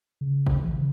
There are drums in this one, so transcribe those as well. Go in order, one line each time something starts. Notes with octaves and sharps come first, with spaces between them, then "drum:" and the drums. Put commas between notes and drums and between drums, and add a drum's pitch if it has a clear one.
C#3
drum: kick
E3
C#3